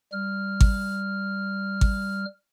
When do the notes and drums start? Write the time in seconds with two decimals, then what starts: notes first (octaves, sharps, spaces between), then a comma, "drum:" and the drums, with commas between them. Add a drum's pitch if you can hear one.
0.12 G3 F6
0.60 drum: kick G#1
1.81 drum: kick G#1